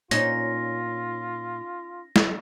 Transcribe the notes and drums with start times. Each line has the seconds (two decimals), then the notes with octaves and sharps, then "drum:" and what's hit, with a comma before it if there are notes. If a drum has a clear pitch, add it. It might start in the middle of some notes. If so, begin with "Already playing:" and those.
0.11 A#2 C#4 D#4 F4 A#6, drum: hi-hat
2.16 drum: snare